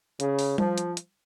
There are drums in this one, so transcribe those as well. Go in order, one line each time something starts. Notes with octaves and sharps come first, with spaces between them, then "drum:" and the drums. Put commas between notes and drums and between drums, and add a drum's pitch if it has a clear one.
C#3, drum: hi-hat
drum: open hi-hat
F3, drum: tom G3
drum: hi-hat
drum: hi-hat